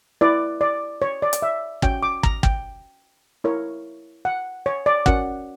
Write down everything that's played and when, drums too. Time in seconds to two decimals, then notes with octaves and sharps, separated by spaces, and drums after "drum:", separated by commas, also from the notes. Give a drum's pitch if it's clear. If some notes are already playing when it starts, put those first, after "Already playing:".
0.21 E4 B4 D5
0.61 D5
1.02 C#5
1.22 D5
1.33 drum: hi-hat
1.42 E5
1.82 C#4 F#4 C#5 G5, drum: kick
2.03 D6
2.23 A#5, drum: kick
2.43 G5, drum: kick
3.44 E4 A#4 C#5
4.25 F#5
4.66 C#5
4.86 D5
5.06 C#4 F#4 A#4 C#5 F#5, drum: kick